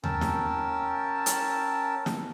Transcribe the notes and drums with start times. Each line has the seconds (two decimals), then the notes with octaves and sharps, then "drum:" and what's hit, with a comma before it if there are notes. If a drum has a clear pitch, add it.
0.04 C#4 A#4 G5 A5 E6, drum: tom D#2
0.21 drum: snare
1.26 drum: hi-hat
2.06 drum: snare